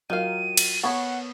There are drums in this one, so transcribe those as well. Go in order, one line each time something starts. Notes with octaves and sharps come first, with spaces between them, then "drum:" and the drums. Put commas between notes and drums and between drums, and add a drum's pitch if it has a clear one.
D#3 F#3 F4 A#4 F5 D#7
drum: cymbal
B3 A4 C#5 F#5 B5 C#6